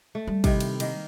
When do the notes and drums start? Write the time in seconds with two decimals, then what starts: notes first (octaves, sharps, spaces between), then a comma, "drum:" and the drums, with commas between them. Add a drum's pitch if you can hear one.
0.15 A3
0.27 G3
0.44 C3 D#3 E4, drum: kick, cymbal
0.61 drum: cymbal
0.80 D#3 A#3, drum: cymbal